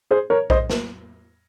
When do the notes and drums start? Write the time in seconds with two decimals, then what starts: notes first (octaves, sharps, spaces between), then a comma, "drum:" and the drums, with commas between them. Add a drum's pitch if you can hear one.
0.11 G#4 C5
0.30 A#4 C#5
0.50 C5 D#5, drum: kick A#1
0.70 drum: snare